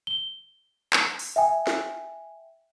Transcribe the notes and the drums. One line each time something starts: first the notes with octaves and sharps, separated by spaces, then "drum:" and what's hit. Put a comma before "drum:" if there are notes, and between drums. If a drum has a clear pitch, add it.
G7
drum: clap
drum: open hi-hat
E5 G5 G#5
drum: snare